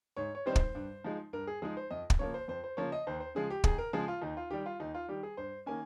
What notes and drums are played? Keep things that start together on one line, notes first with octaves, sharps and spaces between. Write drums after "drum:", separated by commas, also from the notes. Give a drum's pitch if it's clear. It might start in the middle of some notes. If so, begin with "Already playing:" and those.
G#2 C#5
C#5
D#3 G3 C4 D#4 C5
drum: kick
G2
F3 G#3 D#4
G2 A#4
G#4
F3 G#3 D#4 G#4
C5
F2 D#5
drum: kick
C#3 F3 A#3 C#5
C5
F2 C5
C5
C#3 F3 A#3 C#5
D#5
D#2 C5
C5
C#3 F3 G#3 G#4
G4
D#2 G#4, drum: kick
A#4
C#3 F3 G#3 G#4
F4
D#2 D#4
F4
D#3 G3 G4
F4
D#2 D#4
F4
D#3 G3 G4
G#4
G2 C5
D#3 A#3 C#4 G#5